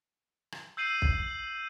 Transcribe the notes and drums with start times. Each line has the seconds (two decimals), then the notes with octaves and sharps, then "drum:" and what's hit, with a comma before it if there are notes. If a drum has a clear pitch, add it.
0.52 drum: rim click
0.77 E6 G6 C7 D#7 F#7
1.02 drum: kick